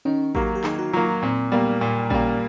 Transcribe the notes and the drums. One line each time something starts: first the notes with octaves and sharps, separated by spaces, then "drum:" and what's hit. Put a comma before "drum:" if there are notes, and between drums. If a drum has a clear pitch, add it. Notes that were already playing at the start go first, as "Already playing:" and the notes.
D#3 C#4
F#3 A#3 G4, drum: kick A1
G4
D#3 G#4, drum: clap
F#4
F#3 A#3 F4
A#2 C4
G3 A#3 B3
A#2
G3 A#3 C#4, drum: kick A1